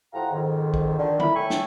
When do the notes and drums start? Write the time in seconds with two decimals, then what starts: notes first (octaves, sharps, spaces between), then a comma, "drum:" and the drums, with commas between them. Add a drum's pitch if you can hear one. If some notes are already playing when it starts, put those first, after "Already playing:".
0.13 A2 F3 G4 F5 F#5 A#5
0.32 F2 G#2 D#3
0.74 drum: kick
0.97 D3 D#3
1.20 A2 E4 A#4 D5 B5, drum: tom
1.35 A4 C#5 E5 G5 G#5 C#6
1.50 drum: snare